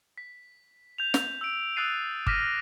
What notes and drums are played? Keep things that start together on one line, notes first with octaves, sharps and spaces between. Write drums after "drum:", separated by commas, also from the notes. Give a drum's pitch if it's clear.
B6
G6 F7
drum: snare
E6 D7
D#6 E6 F#6 A6 C7 D#7
D6 F6 A#6 B6 D#7, drum: kick G1